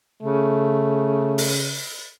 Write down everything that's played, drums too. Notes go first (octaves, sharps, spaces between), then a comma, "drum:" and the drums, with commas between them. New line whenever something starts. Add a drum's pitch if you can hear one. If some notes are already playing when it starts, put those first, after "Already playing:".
C#3 A3
drum: open hi-hat